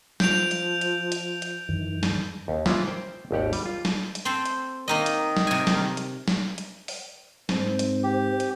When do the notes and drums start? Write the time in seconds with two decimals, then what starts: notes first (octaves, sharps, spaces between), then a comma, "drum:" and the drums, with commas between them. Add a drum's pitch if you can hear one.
0.20 F3 G6 D7 F7, drum: snare
0.51 drum: hi-hat
0.81 drum: hi-hat
1.12 drum: hi-hat
1.42 drum: hi-hat
1.69 F#2 D#3 E3
2.03 drum: snare
2.48 D#2
2.66 E3 F3 A#3 C#4 F4 E5, drum: snare
2.87 C5 G5
3.31 G#1 D#2 G4 F#5
3.53 G3, drum: open hi-hat
3.66 F4
3.85 drum: snare
4.15 drum: hi-hat
4.25 C4 A4 C5
4.46 drum: hi-hat
4.88 D#3 A#3 D#4 D#5
5.06 drum: hi-hat
5.37 drum: snare
5.47 C3 G#5
5.67 drum: snare
5.97 drum: hi-hat
6.28 drum: snare
6.58 drum: hi-hat
6.88 drum: open hi-hat
7.49 G#2 A#3 C4 C5, drum: snare
7.79 drum: hi-hat
8.03 G4
8.40 drum: hi-hat